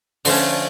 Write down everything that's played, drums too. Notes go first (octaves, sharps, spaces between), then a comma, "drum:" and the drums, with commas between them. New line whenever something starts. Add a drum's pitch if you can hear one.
D3 F3 A3 C#4, drum: open hi-hat